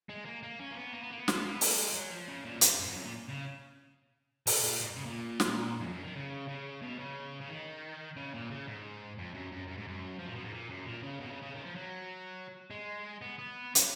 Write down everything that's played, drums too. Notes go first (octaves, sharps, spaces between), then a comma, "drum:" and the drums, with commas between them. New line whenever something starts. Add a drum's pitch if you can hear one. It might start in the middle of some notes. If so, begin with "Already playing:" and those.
G#3
A#3
A#3
C#4
A#3
B3
A#3
B3
A#3
B3
A#3, drum: snare
B3
A#3
B3
A#3, drum: open hi-hat
G#3
F3
F#3
F3
C#3
A#2
F#2
G#2, drum: hi-hat
F#2
F2
F#2
A#2
C#3
B2, drum: open hi-hat
A#2
G#2
C#3
A#2
drum: snare
F#2
F2
F#2
D#3
C#3
C#3
B2
C#3
C#3
D#3
C#3
A#2
C#3
G#2
F2
F#2
F#2
F#2
G#2
F#2
F3
A#2
B2
G#2
A#2
F#2
A#2
C#3
B2
C#3
C#3
D#3
F3
F#3
G#3
B3
B3
C#4, drum: hi-hat